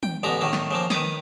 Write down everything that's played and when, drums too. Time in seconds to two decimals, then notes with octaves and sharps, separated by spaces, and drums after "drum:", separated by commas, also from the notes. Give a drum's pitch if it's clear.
0.03 G5, drum: tom
0.23 A1 D3 G#3 B3 A#5
0.41 A2 D#3 A#3
0.53 drum: snare
0.71 C#3 F3 A#3
0.90 D#3 B4 D6 D#6, drum: snare